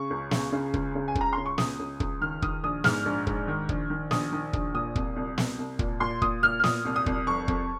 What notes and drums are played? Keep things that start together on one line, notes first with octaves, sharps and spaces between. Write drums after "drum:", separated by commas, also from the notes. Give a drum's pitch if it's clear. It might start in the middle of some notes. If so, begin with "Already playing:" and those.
Already playing: C#3 C#6
C#2
C#3, drum: snare
C#3
C#2, drum: kick
C#3
G#5
C#2, drum: kick
A#5
C#2 C6
C#6
C#2 D#6, drum: snare
C#2
C#2, drum: kick
D#3 F6
D#3 D#6, drum: kick
A#1 D#6
G#2 F6, drum: snare
A#1
G#2, drum: kick
D#3
A#1, drum: kick
D#3
A#1 D#6, drum: snare
D#3
A#1, drum: kick
A#2 D#6
C2, drum: kick
C2
C2, drum: snare
C2
A#2, drum: kick
A#2 C6
A#2 D#6, drum: kick
A#2 F6
F6
A#2 D#6, drum: snare
C2
D#6
C2, drum: kick
F1 C#6
F2, drum: kick